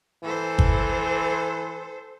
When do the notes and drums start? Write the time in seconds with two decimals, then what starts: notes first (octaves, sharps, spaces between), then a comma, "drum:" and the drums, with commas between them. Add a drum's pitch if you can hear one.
0.23 E3 A4 C5
0.59 drum: kick G1